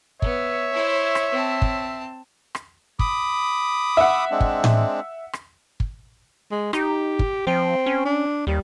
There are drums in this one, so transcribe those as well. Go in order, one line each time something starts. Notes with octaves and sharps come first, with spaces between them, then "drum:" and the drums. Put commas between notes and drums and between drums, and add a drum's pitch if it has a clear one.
B3 C#5 E5, drum: kick
E4 C5
drum: rim click
C4 A5
drum: kick
drum: rim click
B5 D6 D#6, drum: kick
E5 F#5
G#3 C4 D4
drum: kick
drum: tom A2
drum: rim click
drum: kick
G#3
D#4 G4, drum: rim click
drum: kick
F3 C4
C#4
D4
D#2 G3